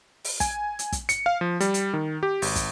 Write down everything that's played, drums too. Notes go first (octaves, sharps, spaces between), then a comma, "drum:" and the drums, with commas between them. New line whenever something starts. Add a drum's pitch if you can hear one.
drum: open hi-hat
G#5, drum: kick, hi-hat
drum: hi-hat
drum: kick, hi-hat
C#7, drum: hi-hat
F5
F3
G3, drum: hi-hat
drum: hi-hat
D#3
G4
G#1, drum: open hi-hat
drum: kick, hi-hat